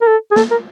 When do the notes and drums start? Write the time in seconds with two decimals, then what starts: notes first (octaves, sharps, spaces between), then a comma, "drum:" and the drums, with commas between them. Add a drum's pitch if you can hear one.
0.01 A#4
0.08 A4
0.31 G#4
0.36 A4, drum: snare A#3
0.51 A#4